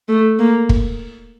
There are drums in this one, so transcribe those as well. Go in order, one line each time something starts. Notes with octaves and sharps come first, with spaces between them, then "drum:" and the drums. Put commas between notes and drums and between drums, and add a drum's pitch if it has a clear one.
A3
A#3
drum: kick